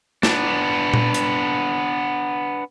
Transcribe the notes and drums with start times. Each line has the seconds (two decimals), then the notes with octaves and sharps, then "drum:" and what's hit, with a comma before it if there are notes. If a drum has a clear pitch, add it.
0.23 B3 D4, drum: snare
0.94 drum: tom A#2
1.14 drum: hi-hat